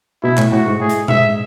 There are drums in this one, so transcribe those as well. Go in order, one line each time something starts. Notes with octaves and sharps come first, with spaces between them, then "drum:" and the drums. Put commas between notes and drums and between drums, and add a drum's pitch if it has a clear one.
B2 E4
A2, drum: clap
A2 F#4
G#2
A2 G#4
drum: hi-hat
G#2 E5, drum: tom A#2